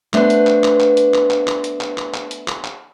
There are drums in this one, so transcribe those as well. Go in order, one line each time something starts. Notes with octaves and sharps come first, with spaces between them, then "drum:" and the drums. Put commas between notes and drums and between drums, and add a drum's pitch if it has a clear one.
A3 B3 D4 B4 C5, drum: clap
drum: hi-hat
drum: clap
drum: clap
drum: clap
drum: hi-hat
drum: clap
drum: clap
drum: clap
drum: hi-hat
drum: clap
drum: clap
drum: clap
drum: hi-hat
drum: clap
drum: clap